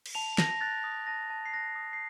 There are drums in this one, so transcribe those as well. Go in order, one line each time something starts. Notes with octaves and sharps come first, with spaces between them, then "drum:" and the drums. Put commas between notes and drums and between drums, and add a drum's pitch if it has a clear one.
drum: cymbal
A5 F7
A5 A#6, drum: snare
F#6 A6
D#6
A5 A#6
A5
C7
F#6 A#6
D#6
C7